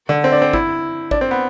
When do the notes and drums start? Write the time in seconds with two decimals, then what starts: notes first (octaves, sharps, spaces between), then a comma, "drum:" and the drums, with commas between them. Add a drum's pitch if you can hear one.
0.09 D3
0.24 C4
0.32 D4
0.42 C4
0.53 E4, drum: kick G#1
1.11 D4, drum: kick G#1
1.21 C4
1.31 B3